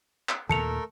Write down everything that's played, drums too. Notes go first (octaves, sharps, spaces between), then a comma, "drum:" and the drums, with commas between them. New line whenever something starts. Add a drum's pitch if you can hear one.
drum: clap
D#2 A#2 A3 A4 A#4 A5 C#7 F7, drum: tom D#3